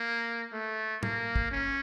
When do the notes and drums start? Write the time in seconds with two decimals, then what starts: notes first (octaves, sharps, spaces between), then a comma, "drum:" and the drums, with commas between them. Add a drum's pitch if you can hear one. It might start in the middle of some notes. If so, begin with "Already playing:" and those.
Already playing: A#3
0.52 A3
1.03 A#3, drum: tom
1.36 drum: kick
1.51 C#4